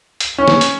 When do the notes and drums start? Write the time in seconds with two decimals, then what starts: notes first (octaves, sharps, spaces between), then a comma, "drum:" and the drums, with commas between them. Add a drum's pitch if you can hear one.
0.20 drum: hi-hat
0.38 C#4
0.48 drum: snare
0.61 drum: hi-hat